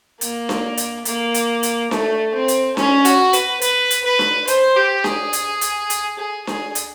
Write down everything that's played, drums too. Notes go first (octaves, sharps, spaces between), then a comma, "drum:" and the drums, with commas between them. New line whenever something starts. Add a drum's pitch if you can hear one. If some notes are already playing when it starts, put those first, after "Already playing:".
A#3, drum: hi-hat
drum: snare D4
drum: hi-hat
A#3, drum: hi-hat
drum: hi-hat
drum: hi-hat
A3, drum: snare D4
C4
drum: hi-hat
C#4, drum: snare D4
F#4, drum: hi-hat
B4, drum: hi-hat
B4, drum: hi-hat
drum: hi-hat
B4
drum: snare D4
C5, drum: hi-hat
G4
G#4, drum: snare D4
drum: hi-hat
drum: hi-hat
drum: hi-hat
G#4
G#4, drum: snare D4
drum: hi-hat